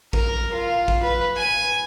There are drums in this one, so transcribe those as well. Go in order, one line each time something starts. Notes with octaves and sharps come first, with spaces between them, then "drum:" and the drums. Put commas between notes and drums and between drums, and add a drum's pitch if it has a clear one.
A#4, drum: kick A1
F4
drum: kick A1
B4
G#5